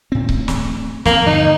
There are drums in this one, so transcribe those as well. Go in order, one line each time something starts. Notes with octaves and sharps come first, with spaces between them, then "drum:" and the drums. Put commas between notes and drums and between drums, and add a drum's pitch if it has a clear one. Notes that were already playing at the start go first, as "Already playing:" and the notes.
A2 C4
drum: kick C#1
drum: snare
D#2 F3 A#3 C4, drum: snare
G2 D3 D#4